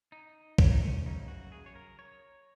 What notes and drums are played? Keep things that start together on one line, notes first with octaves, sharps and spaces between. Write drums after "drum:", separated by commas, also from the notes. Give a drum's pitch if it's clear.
D#4
C#4, drum: kick B1
D#4
C#4
F#2 C#3 F#3 A#3 D#4
F#4
G#4
C#5
A#4
C#5